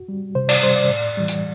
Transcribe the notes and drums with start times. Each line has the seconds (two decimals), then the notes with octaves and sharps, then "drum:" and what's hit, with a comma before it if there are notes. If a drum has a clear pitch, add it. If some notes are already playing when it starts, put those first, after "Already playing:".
Already playing: F#4
0.09 G3
0.35 C3 C5
0.49 D5, drum: cymbal
0.63 G3 C5
0.76 D5
0.89 A2
1.17 E3 G3
1.28 drum: hi-hat